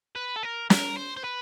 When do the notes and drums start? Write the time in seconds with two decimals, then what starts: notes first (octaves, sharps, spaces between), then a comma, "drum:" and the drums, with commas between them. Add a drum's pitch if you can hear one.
0.16 B4
0.36 A4
0.43 A#4
0.70 A#4, drum: snare
0.97 C5
1.17 C5
1.24 B4